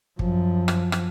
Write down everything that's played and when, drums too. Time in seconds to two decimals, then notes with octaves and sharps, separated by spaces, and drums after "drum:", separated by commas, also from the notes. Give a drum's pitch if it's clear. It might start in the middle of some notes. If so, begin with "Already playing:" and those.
0.19 F#2 F3, drum: kick
0.68 drum: rim click
0.92 drum: rim click